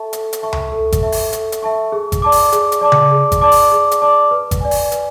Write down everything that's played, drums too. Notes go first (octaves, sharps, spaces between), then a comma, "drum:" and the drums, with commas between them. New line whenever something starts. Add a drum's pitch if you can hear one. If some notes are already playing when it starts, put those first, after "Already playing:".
Already playing: A4 E5 A5 C#6
A4, drum: hi-hat
drum: hi-hat
E5 A5 C#6
drum: tom C#2
A4
drum: kick G#1, hi-hat
E5 A5 C#6
drum: open hi-hat
A4, drum: hi-hat
drum: hi-hat
E5 A5 C#6
G#4
drum: kick G#1, hi-hat
D5 A5 D6
drum: open hi-hat
G#4, drum: hi-hat
drum: hi-hat
D5 A5 D6
drum: tom C#3
G#4
drum: kick G#1, hi-hat
D5 A5 D6
drum: open hi-hat
G#4
drum: hi-hat
D5 A5 D6
B4
drum: kick G#1, hi-hat
D5 G#5
drum: open hi-hat
B4, drum: hi-hat